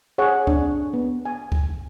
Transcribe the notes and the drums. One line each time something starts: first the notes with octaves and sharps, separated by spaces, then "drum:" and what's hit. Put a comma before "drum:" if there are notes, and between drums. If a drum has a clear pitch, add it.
G#4 C#5 F#5
C4 D4, drum: kick C#2
B3
G#5
drum: kick C#2